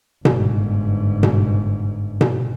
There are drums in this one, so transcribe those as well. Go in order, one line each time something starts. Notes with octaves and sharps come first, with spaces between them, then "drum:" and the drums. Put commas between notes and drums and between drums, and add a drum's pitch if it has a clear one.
G1 G#2, drum: tom B2
drum: tom B2
drum: tom B2